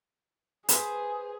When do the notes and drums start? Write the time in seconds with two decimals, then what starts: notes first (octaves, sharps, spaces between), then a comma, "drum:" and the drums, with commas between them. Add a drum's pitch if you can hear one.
0.69 G#4 B4 C5, drum: hi-hat